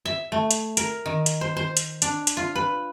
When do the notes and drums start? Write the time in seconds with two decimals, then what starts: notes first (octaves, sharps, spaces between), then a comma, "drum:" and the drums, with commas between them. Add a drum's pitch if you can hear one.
0.05 E5
0.32 A3
0.51 drum: hi-hat
0.77 A#4, drum: hi-hat
1.06 D#3
1.26 drum: hi-hat
1.41 C5
1.57 C5
1.77 drum: hi-hat
2.02 D4, drum: hi-hat
2.27 drum: hi-hat
2.37 F4
2.55 B4